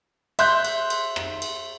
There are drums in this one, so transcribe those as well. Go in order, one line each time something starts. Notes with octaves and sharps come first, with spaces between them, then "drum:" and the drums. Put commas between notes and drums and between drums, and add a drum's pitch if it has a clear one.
E5 C6 F#6 G6, drum: cymbal
drum: cymbal
drum: cymbal
drum: rim click
drum: cymbal